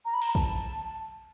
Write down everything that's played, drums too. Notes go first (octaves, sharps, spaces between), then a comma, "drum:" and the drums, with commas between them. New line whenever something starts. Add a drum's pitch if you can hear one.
A#5
B5
A#5, drum: cymbal
A5, drum: kick